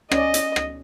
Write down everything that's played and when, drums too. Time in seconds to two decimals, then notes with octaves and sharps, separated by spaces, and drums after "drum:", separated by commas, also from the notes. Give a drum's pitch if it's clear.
0.12 C#4 D5 D#5, drum: rim click
0.34 drum: hi-hat
0.56 drum: rim click